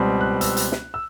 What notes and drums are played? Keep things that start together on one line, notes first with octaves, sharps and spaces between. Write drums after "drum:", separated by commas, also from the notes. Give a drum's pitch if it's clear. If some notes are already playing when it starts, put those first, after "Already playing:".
Already playing: C#2 B2 G3 C4
F#6
E6, drum: hi-hat
drum: hi-hat
drum: snare
E6